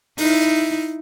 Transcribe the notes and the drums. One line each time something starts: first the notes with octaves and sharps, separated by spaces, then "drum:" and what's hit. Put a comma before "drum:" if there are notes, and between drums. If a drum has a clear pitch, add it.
D#4 E4, drum: open hi-hat